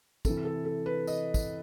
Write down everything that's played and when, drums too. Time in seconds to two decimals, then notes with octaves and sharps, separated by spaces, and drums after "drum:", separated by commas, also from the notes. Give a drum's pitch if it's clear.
0.25 C3 E3 A4, drum: kick, tambourine
0.45 A4
0.65 A4
0.86 B4
1.07 D#5, drum: tambourine
1.34 drum: kick, tambourine